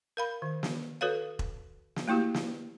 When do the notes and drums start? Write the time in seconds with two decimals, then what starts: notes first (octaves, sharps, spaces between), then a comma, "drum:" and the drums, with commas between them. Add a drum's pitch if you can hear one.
0.17 A#4 F5 B5
0.42 D#3
0.63 drum: snare
1.01 F#4 A4 B4 C#5 F5
1.39 drum: kick E1
1.96 drum: snare
2.08 A3 A#3 E4 F#4 G4
2.34 drum: snare